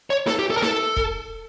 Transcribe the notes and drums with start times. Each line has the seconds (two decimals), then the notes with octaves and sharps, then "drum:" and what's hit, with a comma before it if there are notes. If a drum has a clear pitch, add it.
0.10 C#5
0.27 A4, drum: snare
0.39 G4
0.50 A4
0.57 A#4
0.62 A4, drum: snare
0.97 drum: kick